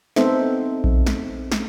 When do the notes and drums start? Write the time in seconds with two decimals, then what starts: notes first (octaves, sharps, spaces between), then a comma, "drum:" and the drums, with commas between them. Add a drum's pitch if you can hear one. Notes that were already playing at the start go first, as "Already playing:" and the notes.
0.16 B3 C4 D#4 A4 C5 E5, drum: snare
0.84 drum: kick A#1
1.07 drum: snare
1.52 drum: snare